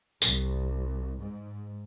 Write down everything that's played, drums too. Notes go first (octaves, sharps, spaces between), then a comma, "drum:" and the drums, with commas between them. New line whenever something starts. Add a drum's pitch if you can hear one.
C2, drum: tambourine
G#2